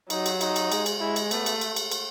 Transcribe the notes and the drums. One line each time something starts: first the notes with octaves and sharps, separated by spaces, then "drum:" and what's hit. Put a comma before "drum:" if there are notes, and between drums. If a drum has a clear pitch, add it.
F#3 D#4, drum: cymbal
drum: cymbal
D#4, drum: cymbal
drum: cymbal
G#3, drum: cymbal
drum: cymbal
G#3 E4
drum: cymbal
A3 B3, drum: cymbal
drum: cymbal
drum: cymbal
drum: cymbal
drum: cymbal